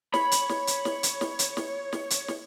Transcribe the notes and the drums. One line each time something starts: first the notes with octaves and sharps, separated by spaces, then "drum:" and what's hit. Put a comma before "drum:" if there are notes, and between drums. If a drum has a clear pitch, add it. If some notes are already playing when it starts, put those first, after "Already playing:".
C#5 B5, drum: snare
drum: hi-hat
drum: snare
drum: hi-hat
drum: snare
drum: hi-hat
drum: snare
drum: hi-hat
drum: snare
drum: snare
drum: hi-hat
drum: snare